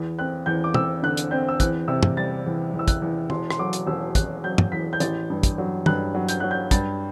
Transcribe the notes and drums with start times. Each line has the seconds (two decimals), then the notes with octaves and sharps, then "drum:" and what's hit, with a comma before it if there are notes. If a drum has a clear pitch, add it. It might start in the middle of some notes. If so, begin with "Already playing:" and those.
Already playing: E2
0.19 C4 F#6
0.46 E2 G6
0.64 D6
0.74 C4 E6, drum: tom
1.03 D3 F#6
1.17 drum: hi-hat
1.31 C4 G6
1.49 E6
1.60 E2 F#6, drum: kick, hi-hat
1.88 C3 E6
2.03 drum: tom
2.17 G3 A6
2.46 E2
2.74 E2
2.79 E6
2.88 F#6, drum: kick, hi-hat
3.02 E2
3.30 E1 C6, drum: tom
3.50 C6, drum: rim click
3.59 F#3 D6
3.73 drum: hi-hat
3.87 E1 E6
4.15 E1 F#6, drum: kick, hi-hat
4.44 F#3 G6
4.58 drum: tom
4.72 E2 B6
4.93 G6
5.00 A1 A6, drum: hi-hat
5.30 G2
5.43 drum: kick, hi-hat
5.58 F#3
5.86 G2 F#6, drum: tom
6.15 F#3
6.29 G6, drum: hi-hat
6.40 F#3 F#6
6.51 G6
6.71 G2 A6, drum: kick, hi-hat